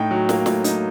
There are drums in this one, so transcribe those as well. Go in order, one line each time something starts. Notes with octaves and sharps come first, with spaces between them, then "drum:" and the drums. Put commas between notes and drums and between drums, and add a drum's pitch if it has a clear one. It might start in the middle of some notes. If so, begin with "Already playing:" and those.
Already playing: A2 D#4 G5
F#3
A#3, drum: snare
A2, drum: snare
D#4, drum: hi-hat